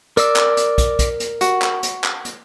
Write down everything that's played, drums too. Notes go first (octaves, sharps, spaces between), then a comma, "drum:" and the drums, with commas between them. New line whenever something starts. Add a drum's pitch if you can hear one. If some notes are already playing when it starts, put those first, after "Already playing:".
A#4 D5 E6, drum: hi-hat
drum: clap
drum: hi-hat
drum: kick, hi-hat
drum: kick, hi-hat
drum: hi-hat
F#4, drum: hi-hat
drum: clap
drum: hi-hat
drum: clap
drum: hi-hat